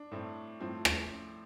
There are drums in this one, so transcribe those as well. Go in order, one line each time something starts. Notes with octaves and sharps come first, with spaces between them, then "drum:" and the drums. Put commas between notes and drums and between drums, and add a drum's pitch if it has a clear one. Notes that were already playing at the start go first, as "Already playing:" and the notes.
Already playing: D4
A2 A3 C4
A2 F3 C4
drum: rim click